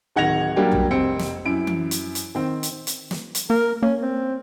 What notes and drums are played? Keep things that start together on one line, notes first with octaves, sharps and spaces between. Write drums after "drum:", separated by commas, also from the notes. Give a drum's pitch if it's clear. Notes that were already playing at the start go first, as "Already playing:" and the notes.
D1 D#3 F#5 G#6 A#6 F7
F#3 G3 A#3 D4 G4
drum: tom
F1 C4 C#7
drum: snare
F#2 E4 D7
drum: tom E3
drum: hi-hat
drum: hi-hat
D#3 C4
drum: hi-hat
drum: hi-hat
drum: snare
drum: hi-hat
A#3 A#4
A#3 C#4
C4